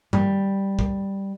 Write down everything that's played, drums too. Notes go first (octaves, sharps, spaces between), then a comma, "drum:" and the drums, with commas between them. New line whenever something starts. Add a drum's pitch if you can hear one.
G3, drum: tom G2
drum: kick C2